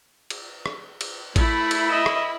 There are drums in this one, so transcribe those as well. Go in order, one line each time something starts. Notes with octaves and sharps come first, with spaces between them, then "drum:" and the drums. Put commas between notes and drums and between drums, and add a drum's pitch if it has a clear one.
drum: cymbal
drum: rim click
drum: cymbal
A3 E4 B5, drum: kick A1, cymbal
drum: cymbal
D#5 E5
drum: rim click